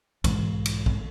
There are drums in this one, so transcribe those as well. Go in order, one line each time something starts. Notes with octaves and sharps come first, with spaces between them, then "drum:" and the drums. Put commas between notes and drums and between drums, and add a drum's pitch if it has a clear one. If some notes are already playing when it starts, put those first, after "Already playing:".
B1 G#2 E3 G#3, drum: kick, cymbal
drum: cymbal
drum: kick